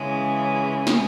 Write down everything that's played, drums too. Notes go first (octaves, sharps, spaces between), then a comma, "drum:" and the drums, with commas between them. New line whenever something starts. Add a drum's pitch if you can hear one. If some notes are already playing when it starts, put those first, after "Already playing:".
Already playing: C#3 E3 G#3 C#4
drum: snare